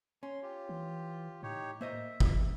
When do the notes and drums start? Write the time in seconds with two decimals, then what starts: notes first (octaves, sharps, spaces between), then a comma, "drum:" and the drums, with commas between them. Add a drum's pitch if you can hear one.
0.23 C#4 C6
0.43 F4 G4
0.69 E3
1.43 A2 D#4 G4 C#5
1.81 A#3 C5 D#5 E5
2.20 E3, drum: kick